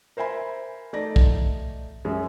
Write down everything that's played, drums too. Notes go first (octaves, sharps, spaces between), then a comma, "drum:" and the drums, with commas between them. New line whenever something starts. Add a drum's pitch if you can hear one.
A#4 C5 E5 G#5 B5
A3 D#4 D5 A#6
drum: kick
F#2 G#3